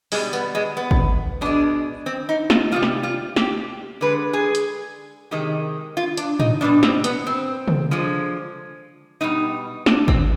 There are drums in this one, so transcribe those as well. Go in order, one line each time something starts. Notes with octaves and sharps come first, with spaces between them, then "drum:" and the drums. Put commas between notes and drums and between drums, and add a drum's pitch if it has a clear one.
B2 G3 G#3, drum: open hi-hat
B3, drum: tambourine
G#3
B3
drum: kick G#1
B2 G#3 D4
C4
D#4
F4, drum: snare
C3 D#3 G3 F4
drum: snare
F4
G4, drum: snare
D3 G#3 B4
G#4
drum: hi-hat
C3 D#3 G#3 G4
F4
D4, drum: hi-hat
D#4, drum: tom
B2 G3 D4
C4, drum: snare
B3, drum: hi-hat
C4
drum: tom
D3 F3 G#3
B2 G3 D#4
D4, drum: snare
C4, drum: kick G#1